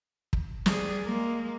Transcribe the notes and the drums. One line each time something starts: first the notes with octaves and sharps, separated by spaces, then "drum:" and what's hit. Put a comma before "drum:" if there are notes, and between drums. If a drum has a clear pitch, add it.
drum: kick
G3 G#4, drum: snare
G#3 A#3